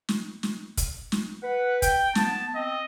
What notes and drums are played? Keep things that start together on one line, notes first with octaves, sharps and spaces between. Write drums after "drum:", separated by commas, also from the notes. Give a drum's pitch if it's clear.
drum: snare
drum: snare
drum: kick, hi-hat
drum: snare
B4 F#5
G5, drum: kick, hi-hat
B3 A5, drum: snare
C4 D#5